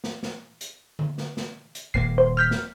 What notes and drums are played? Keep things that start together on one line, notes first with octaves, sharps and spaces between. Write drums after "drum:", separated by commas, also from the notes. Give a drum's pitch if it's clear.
drum: snare
drum: snare
drum: hi-hat
drum: tom D3
drum: snare
drum: snare
drum: hi-hat
D#1 A#3 C7
C5
F6 G6 B6
drum: snare